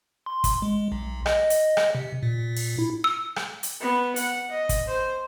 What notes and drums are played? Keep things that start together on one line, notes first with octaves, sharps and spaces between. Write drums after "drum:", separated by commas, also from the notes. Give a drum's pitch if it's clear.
C6
drum: kick, hi-hat
G#3
B1
D#5, drum: rim click
drum: hi-hat
drum: rim click
C3
A#2
drum: open hi-hat
E4
E6
drum: rim click
drum: hi-hat
B3
F#5, drum: hi-hat
D#5
drum: kick, hi-hat
C5